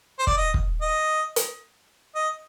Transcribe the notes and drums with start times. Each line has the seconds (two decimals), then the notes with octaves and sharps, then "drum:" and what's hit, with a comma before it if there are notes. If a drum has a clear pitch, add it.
0.19 C5
0.27 D5, drum: kick
0.37 D#5
0.54 drum: kick
0.81 D#5
1.36 drum: hi-hat
2.15 D#5